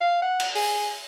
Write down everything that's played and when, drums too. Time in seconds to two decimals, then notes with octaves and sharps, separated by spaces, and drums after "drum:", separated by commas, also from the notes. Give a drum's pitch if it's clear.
0.01 F5
0.22 F#5
0.40 drum: cymbal
0.55 G#4, drum: open hi-hat